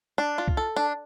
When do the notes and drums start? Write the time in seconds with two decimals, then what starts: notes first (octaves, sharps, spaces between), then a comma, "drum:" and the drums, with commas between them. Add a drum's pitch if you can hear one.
0.18 D4
0.38 F4
0.48 drum: kick C2
0.57 A4
0.76 D4